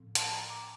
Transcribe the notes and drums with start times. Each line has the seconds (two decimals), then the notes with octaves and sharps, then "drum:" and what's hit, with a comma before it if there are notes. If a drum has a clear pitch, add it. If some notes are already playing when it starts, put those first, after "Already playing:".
Already playing: A2 F3 C4
0.15 A5 C6, drum: hi-hat
0.32 G5 A#5
0.50 A#5 D6